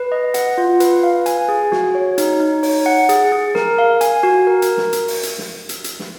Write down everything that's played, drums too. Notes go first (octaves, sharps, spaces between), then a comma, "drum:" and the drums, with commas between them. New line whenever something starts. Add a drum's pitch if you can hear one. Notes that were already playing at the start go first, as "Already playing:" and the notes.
Already playing: B4
D#5
F#5, drum: hi-hat
F4
B4, drum: hi-hat
F5
G#5, drum: hi-hat
G#4
F#4, drum: snare
C#5
D#4, drum: hi-hat
D#4
C#5, drum: open hi-hat
F#5
G#4, drum: hi-hat
G#4
A#4, drum: snare
F5
G#5, drum: hi-hat
F#4
A#4
drum: hi-hat
drum: snare
drum: hi-hat
drum: open hi-hat
drum: hi-hat
drum: snare
drum: hi-hat
drum: hi-hat
drum: snare